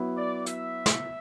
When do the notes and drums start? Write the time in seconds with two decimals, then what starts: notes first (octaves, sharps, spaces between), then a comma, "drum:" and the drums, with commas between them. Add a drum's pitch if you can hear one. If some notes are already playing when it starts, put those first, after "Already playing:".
Already playing: F#3 B3 E4
0.17 D5
0.46 E5, drum: hi-hat
0.86 drum: snare